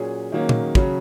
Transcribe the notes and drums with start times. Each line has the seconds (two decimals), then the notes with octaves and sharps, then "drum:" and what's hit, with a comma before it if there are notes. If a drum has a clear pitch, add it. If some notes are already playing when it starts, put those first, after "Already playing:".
Already playing: A#2 F#3 C#4 G#4
0.32 D#3 F#3 A#3 C#4
0.49 drum: tom A#2
0.75 C#3 F#3 C#4, drum: kick